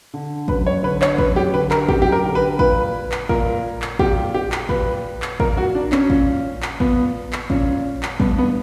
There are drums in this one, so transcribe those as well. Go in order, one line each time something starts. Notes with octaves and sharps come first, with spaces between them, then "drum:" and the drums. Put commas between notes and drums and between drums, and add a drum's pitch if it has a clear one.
D3
F#2 B4, drum: kick
C#5
D3 B4
C#5, drum: clap
F#2 B4, drum: kick
G4
D3 B4
A#4, drum: clap
F#2 G4, drum: kick
G4
A#4
D3
B4
A#2 B4, drum: kick
drum: clap
A#2 A#4, drum: kick
drum: clap
A#2 G4, drum: kick
G4
drum: clap
A#2 B4, drum: kick
drum: clap
A#2 A#4, drum: kick
F#4
D4
C#4, drum: clap
A#2, drum: kick
drum: clap
A#2 B3, drum: kick
drum: clap
A#2 C#4, drum: kick
drum: clap
G2 B3, drum: kick
B3